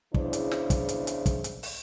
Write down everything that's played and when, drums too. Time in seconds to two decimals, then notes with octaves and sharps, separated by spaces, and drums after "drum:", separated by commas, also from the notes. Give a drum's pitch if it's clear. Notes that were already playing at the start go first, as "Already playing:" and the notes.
0.14 E2 C#3 D4 E4 C5, drum: kick
0.33 drum: hi-hat
0.51 drum: snare
0.70 drum: kick, hi-hat
0.89 drum: hi-hat
1.07 drum: hi-hat
1.26 drum: kick, hi-hat
1.44 drum: hi-hat
1.63 drum: open hi-hat